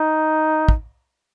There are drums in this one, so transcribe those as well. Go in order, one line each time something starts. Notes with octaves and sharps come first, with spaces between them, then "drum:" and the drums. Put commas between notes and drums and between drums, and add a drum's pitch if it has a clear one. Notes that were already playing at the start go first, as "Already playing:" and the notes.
Already playing: D#4
drum: kick